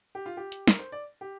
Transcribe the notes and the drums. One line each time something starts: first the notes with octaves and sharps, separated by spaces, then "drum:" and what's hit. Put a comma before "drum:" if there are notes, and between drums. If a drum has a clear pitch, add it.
G4
F4
G4
drum: hi-hat
A#4, drum: snare
C5
D5
G4